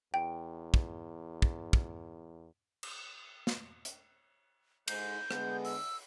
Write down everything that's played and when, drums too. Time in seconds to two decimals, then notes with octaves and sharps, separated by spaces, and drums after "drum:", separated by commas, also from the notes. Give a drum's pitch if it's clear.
0.14 E2 G5
0.74 drum: kick
1.42 drum: kick
1.73 drum: kick
2.83 drum: cymbal
3.47 drum: snare
3.85 drum: hi-hat
4.88 G#2 G6, drum: cymbal
5.31 D3 G#3 B3, drum: rim click
5.65 E6, drum: open hi-hat